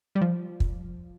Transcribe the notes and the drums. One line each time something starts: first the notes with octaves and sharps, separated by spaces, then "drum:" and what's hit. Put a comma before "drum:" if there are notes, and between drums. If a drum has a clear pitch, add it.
G3
F3
drum: kick